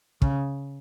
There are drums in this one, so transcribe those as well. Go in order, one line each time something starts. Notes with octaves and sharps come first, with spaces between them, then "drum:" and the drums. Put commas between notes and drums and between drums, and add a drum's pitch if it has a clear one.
C#3, drum: kick